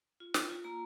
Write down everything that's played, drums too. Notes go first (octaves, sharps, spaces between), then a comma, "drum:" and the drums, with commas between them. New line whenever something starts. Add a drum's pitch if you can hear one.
F4
F4, drum: snare
F4
A#3 A#5